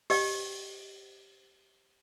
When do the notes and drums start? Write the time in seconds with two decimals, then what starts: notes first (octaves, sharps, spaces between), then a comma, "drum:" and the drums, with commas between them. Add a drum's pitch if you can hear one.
0.10 G4 D#5 G5, drum: open hi-hat